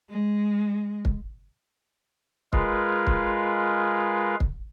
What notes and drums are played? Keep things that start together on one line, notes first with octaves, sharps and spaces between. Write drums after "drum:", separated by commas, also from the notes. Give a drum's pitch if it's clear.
G#3
drum: kick
G#3 F4 G#4 A#4 B4 F5, drum: kick
drum: kick
drum: kick